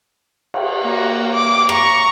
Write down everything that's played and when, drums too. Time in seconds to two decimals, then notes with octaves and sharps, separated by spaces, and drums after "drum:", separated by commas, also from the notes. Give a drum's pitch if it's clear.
0.54 drum: cymbal
0.83 A#3 F#4
1.33 D6
1.69 A#5 C#6, drum: rim click